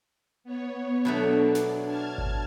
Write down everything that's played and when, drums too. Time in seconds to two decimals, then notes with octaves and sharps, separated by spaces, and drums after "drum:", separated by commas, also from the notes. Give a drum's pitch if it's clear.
0.44 B3 C#5
1.05 B2 F#3 A3 D4
1.55 drum: snare
1.86 A5 F6 G#6
2.18 drum: kick G#1